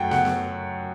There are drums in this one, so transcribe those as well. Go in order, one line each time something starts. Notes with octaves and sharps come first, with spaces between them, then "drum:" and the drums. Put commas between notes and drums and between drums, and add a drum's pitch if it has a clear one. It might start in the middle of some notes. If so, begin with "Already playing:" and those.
Already playing: F#2 F#3 A3 F#5 G5
F#5, drum: snare
drum: snare